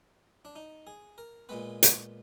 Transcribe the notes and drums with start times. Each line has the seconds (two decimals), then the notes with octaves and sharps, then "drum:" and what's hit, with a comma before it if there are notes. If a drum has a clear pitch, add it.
0.45 D4
0.56 D#4
0.87 G#4
1.18 A#4
1.49 A#2 G#3 B3 B4
1.83 drum: hi-hat